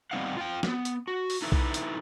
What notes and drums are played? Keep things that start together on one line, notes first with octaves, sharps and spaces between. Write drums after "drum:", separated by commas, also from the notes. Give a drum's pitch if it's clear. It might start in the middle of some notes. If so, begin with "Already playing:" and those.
G3 B3 C4 D#4 F5 F#5
F4 F5 G5
A#3 B3, drum: snare
drum: hi-hat
F#4
drum: open hi-hat
D#4 E4 A4 B4 E5
drum: kick B1
drum: hi-hat